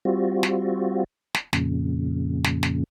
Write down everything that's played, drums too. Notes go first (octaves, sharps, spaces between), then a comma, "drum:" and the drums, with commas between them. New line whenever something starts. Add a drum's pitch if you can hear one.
G3 C4 F4 F#4
drum: snare
drum: snare
F2 A#2 C#3, drum: snare
drum: snare
drum: snare